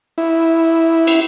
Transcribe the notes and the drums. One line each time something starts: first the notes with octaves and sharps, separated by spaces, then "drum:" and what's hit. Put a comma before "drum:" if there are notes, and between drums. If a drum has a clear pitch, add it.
E4
drum: cymbal